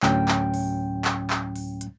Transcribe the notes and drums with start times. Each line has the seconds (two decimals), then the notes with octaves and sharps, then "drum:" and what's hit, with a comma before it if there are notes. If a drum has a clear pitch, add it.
0.03 D2 A2 F#3 C#4 G5, drum: clap
0.28 drum: clap
0.54 drum: open hi-hat
1.05 drum: clap
1.30 drum: clap
1.56 drum: open hi-hat
1.81 drum: hi-hat